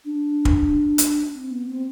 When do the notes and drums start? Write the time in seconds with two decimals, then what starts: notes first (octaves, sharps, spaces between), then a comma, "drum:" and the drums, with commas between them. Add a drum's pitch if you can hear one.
0.05 D4
0.45 drum: kick
0.98 drum: hi-hat
1.35 C4
1.51 B3
1.67 C4